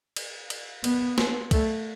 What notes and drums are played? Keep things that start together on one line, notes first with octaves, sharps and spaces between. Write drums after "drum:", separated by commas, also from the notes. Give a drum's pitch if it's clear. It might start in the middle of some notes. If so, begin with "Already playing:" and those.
drum: cymbal
drum: cymbal
B3, drum: cymbal
drum: snare
A3, drum: kick, cymbal